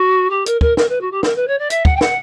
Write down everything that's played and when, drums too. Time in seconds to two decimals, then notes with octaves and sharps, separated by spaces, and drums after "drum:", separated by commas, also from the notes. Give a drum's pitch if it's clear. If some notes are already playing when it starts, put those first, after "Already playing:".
Already playing: F#4
0.30 G4
0.46 A#4, drum: hi-hat
0.61 A#4, drum: kick
0.77 A#4, drum: snare
0.89 B4
1.01 F#4
1.11 G4
1.23 A#4, drum: snare
1.35 B4
1.47 C#5
1.58 D5
1.70 E5, drum: hi-hat
1.85 F#5, drum: kick
1.96 G5
2.01 F#5, drum: snare